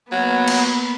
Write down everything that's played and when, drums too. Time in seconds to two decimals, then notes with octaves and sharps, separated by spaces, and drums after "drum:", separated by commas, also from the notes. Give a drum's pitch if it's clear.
0.12 F#3 A#3 B3
0.48 drum: cymbal